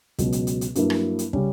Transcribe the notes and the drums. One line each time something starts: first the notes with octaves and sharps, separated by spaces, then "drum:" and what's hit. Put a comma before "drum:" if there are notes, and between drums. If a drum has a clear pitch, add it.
C#2 B2 F#3, drum: kick, hi-hat
drum: hi-hat
drum: hi-hat
drum: hi-hat
G2 F#3 A#3 E4, drum: hi-hat
drum: rim click
drum: hi-hat
C#3 G3 C#4, drum: kick